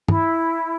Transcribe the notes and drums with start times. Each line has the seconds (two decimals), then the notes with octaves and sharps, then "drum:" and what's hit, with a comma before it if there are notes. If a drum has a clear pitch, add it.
0.08 E4, drum: tom